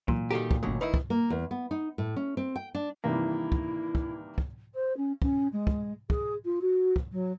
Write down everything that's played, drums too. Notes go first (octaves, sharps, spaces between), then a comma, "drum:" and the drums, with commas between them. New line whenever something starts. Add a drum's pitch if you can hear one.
A#2 E3 F#3 A#3, drum: kick
D#3 G3 F#4 G4 A4 A#5
drum: kick
G1 D#2 B2 F#3 A3
D#3 D#4 E4 B4 D#5 E5
drum: kick
A#3
E2
B3
D#4
A2
C#4
C4
G5
D4
G2 C3 D#3 E3 A#3 E4
drum: kick
drum: kick
drum: kick
C5
C#4
C#4, drum: kick
G#3
drum: kick
G#4, drum: kick
F4
F#4
drum: kick
F#3